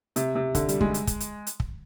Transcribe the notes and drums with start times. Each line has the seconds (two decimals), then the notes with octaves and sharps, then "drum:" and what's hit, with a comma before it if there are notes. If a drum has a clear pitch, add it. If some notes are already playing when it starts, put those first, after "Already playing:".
0.16 C3, drum: hi-hat
0.35 C3
0.55 D3, drum: kick, hi-hat
0.69 G3, drum: hi-hat
0.81 G#3, drum: kick
0.94 drum: hi-hat
1.07 drum: kick, hi-hat
1.20 drum: hi-hat
1.47 drum: hi-hat
1.60 drum: kick